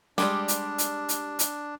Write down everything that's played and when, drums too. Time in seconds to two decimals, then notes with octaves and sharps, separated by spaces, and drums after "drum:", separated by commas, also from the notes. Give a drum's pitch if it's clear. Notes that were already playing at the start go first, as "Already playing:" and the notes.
0.18 G3 G#3 D4 G4, drum: snare
0.48 drum: hi-hat
0.78 drum: hi-hat
1.09 drum: hi-hat
1.39 drum: hi-hat